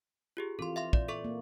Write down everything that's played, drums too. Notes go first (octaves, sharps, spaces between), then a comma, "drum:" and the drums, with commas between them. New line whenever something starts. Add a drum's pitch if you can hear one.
F4 G4 G#4
E3 C4 F4 A4 C6
E5 F5 C6
A#2 D5, drum: kick
A4 E5 C#6
A#3